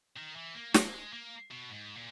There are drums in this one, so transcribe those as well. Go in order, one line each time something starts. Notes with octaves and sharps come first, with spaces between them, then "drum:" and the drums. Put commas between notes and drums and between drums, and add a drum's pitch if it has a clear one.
D#3
E3
A#3
A#3, drum: snare
G#3
A#3
B2
G#2
A#2